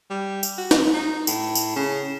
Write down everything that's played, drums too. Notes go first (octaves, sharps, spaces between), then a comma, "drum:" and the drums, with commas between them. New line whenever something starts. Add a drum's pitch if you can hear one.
G3
drum: tambourine
F#4
drum: snare
D#4
A2, drum: tambourine
drum: tambourine
C#3